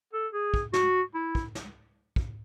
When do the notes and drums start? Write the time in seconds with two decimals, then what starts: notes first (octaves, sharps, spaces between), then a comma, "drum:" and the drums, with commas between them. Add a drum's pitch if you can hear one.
0.13 A4
0.33 G#4
0.54 drum: kick
0.74 F#4, drum: snare
1.15 E4
1.35 drum: kick
1.55 drum: snare
2.16 drum: kick